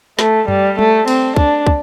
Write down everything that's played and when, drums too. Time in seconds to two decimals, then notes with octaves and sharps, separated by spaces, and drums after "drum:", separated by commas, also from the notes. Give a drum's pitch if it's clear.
0.19 A3, drum: snare
0.48 G3, drum: tom F#2
0.79 A3, drum: tom
1.08 C4, drum: cymbal
1.36 D4, drum: kick
1.67 drum: kick